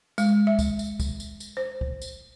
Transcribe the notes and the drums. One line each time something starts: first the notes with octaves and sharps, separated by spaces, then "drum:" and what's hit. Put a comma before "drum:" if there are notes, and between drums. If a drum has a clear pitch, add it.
G#3, drum: tambourine
E5
drum: kick, tambourine
drum: tambourine
drum: kick, tambourine
drum: tambourine
drum: tambourine
C5
drum: kick
drum: tambourine